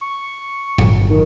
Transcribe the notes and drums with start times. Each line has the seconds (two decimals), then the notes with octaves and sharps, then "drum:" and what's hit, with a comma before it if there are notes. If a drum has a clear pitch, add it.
0.01 C#6
0.78 G1 F#3, drum: tom A2
1.10 D#3